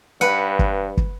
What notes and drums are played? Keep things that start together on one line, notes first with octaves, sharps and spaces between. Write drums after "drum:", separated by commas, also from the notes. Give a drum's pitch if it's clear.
G2 B4 F#5
drum: kick
drum: kick